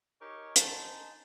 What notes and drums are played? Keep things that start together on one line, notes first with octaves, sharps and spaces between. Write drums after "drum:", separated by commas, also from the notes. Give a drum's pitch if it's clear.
D#4 G4 G#4 A#4 C#5
D#4 C5 G#5 A5, drum: hi-hat